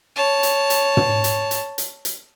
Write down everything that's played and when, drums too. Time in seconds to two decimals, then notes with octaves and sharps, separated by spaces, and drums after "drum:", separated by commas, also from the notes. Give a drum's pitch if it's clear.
0.16 C#5 A5
0.43 drum: hi-hat
0.70 drum: hi-hat
0.97 drum: tom
1.24 drum: hi-hat
1.51 drum: hi-hat
1.78 drum: hi-hat
2.05 drum: hi-hat